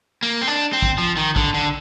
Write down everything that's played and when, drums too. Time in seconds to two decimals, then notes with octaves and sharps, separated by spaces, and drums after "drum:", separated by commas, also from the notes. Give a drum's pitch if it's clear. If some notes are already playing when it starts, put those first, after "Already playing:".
0.23 A#3
0.41 C4
0.47 D4
0.73 C4
0.82 drum: kick
0.98 F3
1.17 D#3
1.36 D3, drum: kick
1.54 D3